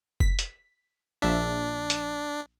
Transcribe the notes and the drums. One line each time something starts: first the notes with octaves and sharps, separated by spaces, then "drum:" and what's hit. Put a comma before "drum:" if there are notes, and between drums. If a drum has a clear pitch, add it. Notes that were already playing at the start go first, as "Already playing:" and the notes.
B6, drum: kick
drum: hi-hat
A#1 D4 E5
drum: hi-hat